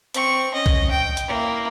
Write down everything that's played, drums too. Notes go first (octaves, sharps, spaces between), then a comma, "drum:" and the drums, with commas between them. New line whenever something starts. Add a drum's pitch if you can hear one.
C4 C#6, drum: hi-hat
C#4 D#5
drum: kick A#1
G5
drum: hi-hat
A#3 E4